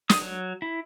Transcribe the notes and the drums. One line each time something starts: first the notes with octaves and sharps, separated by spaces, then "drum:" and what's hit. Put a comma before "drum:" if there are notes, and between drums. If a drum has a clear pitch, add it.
D#6, drum: snare
F#3
E4